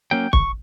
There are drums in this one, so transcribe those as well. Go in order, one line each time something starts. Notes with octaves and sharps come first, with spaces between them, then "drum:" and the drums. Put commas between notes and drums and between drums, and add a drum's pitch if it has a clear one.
F#3 A#3 C#4 G5
C#6, drum: kick